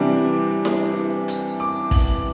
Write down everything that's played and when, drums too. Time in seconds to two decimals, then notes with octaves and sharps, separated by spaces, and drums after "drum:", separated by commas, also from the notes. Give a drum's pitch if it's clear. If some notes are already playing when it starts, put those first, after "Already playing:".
Already playing: C3 E3 G3 D4 D6
0.65 drum: snare E4
1.28 drum: hi-hat
1.60 D6
1.91 drum: kick, open hi-hat